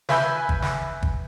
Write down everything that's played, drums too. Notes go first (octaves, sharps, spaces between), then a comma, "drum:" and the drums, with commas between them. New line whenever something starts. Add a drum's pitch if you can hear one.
B4 E5 G#5 B5 E6 G6, drum: snare
drum: kick
drum: snare
drum: kick